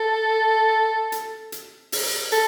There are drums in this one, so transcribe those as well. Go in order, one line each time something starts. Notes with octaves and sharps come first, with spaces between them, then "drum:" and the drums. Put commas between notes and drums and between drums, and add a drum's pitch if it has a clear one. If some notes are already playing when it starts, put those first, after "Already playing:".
Already playing: A4
drum: hi-hat
drum: hi-hat
drum: open hi-hat
A4, drum: hi-hat